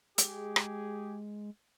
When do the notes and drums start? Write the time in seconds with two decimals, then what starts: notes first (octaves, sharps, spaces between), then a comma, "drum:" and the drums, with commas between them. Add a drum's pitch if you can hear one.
0.18 G#3 G4 G#4, drum: hi-hat
0.56 drum: rim click